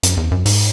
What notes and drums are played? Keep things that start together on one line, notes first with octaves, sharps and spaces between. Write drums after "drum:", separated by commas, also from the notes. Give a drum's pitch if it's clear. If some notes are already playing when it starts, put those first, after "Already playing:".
F#2, drum: hi-hat
E2
F#2
G#2, drum: open hi-hat